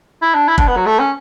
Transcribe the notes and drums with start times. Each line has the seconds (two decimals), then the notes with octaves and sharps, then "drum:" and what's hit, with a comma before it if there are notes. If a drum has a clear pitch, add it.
0.22 E4
0.34 D4
0.48 E4
0.58 D4, drum: kick
0.67 B3
0.76 F#3
0.86 A3
0.99 C#4